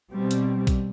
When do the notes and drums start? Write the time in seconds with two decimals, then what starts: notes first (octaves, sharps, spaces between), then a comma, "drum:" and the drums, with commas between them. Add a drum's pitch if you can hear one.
0.12 B2 G3 C4
0.31 drum: hi-hat
0.67 drum: kick A#1, hi-hat